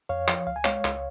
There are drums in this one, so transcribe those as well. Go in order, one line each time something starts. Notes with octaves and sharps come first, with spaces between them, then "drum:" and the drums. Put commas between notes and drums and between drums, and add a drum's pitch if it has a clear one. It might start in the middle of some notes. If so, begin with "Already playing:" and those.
F2 C#5 F5
F3, drum: clap
C#2 F5
G#5
G#3 C#5 F5, drum: clap
C#2, drum: clap